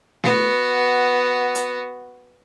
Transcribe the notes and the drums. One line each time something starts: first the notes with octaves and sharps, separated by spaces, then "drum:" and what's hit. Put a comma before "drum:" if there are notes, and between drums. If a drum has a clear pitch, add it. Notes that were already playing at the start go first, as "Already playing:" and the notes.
B3 F#4, drum: snare
drum: hi-hat